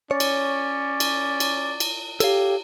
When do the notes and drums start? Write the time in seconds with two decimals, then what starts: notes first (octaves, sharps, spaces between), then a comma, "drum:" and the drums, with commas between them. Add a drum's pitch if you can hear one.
0.11 C#4 C#5 D5
0.20 drum: cymbal
1.00 drum: cymbal
1.40 drum: cymbal
1.80 drum: cymbal
2.20 G4 A4 C#5 F5, drum: cymbal